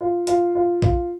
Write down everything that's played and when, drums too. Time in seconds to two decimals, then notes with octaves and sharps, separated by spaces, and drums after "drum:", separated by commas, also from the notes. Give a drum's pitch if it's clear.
0.01 F4
0.27 F4, drum: hi-hat
0.55 F4
0.82 F4, drum: kick